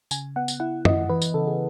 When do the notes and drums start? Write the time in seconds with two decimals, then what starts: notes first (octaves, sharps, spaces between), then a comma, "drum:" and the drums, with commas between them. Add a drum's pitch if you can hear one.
0.11 C#3 G#5, drum: tambourine
0.36 B3 F#5
0.48 drum: tambourine
0.60 E4 F#5
0.85 E4 D#5, drum: tom
1.09 E3 B4
1.22 drum: tambourine
1.34 C#3 A4
1.47 G#4